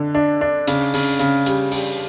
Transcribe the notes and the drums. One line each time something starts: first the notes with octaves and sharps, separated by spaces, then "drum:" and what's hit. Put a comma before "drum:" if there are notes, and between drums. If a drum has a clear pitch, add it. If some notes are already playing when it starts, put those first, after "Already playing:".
Already playing: D3 D4
D4
D4
C#3, drum: hi-hat
C#3, drum: open hi-hat
C#3, drum: hi-hat
G3, drum: hi-hat
G3, drum: open hi-hat